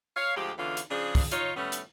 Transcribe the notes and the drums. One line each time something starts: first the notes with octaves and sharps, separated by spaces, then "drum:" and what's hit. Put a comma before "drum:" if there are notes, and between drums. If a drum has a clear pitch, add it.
C#5 F5
D2 F3 G#3 G4
E2 D3 E3 C#4 F4 F5
drum: hi-hat
C#3 F3 D4 G#4
drum: kick, open hi-hat
D#4 F4 C#5, drum: hi-hat
G3 A3 B3 C#4
drum: hi-hat